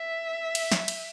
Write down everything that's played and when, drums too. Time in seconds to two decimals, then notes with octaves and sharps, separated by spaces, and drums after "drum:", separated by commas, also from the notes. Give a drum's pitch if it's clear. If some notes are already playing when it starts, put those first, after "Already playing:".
Already playing: E5
0.55 drum: cymbal
0.72 drum: snare
0.88 drum: cymbal